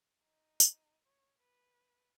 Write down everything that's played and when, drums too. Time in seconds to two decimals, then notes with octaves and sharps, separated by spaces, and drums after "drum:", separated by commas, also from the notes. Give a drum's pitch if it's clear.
0.23 D#4
0.60 drum: tambourine
1.06 C#5
1.38 B4